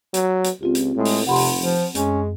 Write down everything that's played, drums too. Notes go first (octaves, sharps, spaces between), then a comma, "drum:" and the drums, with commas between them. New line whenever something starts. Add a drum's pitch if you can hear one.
F#3, drum: hi-hat
drum: hi-hat
C#2 C4 F4 G4
drum: hi-hat
A2 G#3
drum: open hi-hat
F1 C3 F#5 B5 C6
drum: open hi-hat
F3
F#2 G#3 C#4, drum: hi-hat